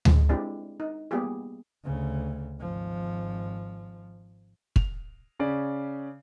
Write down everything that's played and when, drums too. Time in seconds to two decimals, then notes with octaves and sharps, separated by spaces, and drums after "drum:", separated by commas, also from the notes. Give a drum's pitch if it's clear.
0.05 G#3, drum: tom D2
0.29 G#3 C4 D4 E4 F4 G4
0.80 D#4
1.11 G3 A#3 B3 F4 G4 G#4
1.84 D2 C#3
2.60 G#1 F3
4.76 F7, drum: kick
5.39 C#3 C#4 D5